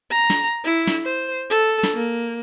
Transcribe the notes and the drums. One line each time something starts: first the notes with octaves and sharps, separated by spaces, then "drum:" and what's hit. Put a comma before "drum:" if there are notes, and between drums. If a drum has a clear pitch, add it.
A#5
drum: snare
E4
drum: snare
C5
A4
drum: snare
A#3